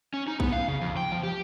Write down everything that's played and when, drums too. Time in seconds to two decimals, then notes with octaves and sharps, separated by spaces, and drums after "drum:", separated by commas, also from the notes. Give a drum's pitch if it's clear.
0.14 C#4
0.28 D#4
0.40 B3, drum: kick B1
0.52 F5
0.68 C#3
0.81 F2
0.97 G5
1.12 F3
1.23 G4